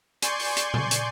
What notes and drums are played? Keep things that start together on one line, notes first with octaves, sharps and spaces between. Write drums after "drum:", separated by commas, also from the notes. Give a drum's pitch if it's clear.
D5 G#5 C6 C#6 G6, drum: hi-hat
drum: open hi-hat
drum: hi-hat
drum: tom A#2
drum: hi-hat